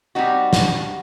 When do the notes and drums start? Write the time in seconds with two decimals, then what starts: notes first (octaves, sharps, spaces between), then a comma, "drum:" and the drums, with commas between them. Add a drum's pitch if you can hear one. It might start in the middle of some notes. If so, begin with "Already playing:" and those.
0.15 G3 C4 D#4 F#4
0.53 drum: snare